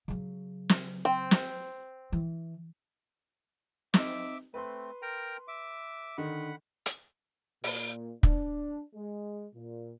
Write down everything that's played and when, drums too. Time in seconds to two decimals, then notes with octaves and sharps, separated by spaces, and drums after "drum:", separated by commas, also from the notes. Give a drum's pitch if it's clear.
0.08 C#3 F#3
0.69 drum: snare
1.05 C4
1.31 drum: snare
2.12 E3
3.94 C4 D#4 E5 D6, drum: snare
4.54 A3 C4 B4 C6
5.02 A#4 G5 A#5
5.48 E5 D6
6.17 D3 D#3 F#5 B5
6.86 drum: hi-hat
7.64 A#2, drum: open hi-hat
8.23 D4, drum: kick
8.94 G#3
9.55 A#2